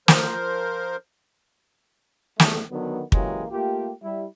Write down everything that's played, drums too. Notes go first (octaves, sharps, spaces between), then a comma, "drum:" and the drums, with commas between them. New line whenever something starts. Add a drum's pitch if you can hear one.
F3 A#4 C5, drum: snare
A#1 E2 G3 A3, drum: snare
D3 D#3 F#3 B3
C#3 E3 F#3 G#3 A#3 G4, drum: kick
A3 A#3 F4 G4
G3 E4